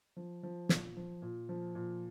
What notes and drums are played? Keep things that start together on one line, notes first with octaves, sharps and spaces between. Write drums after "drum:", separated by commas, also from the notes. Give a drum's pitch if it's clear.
F3
F3
A#2, drum: snare
F3
A#2
F3
A#2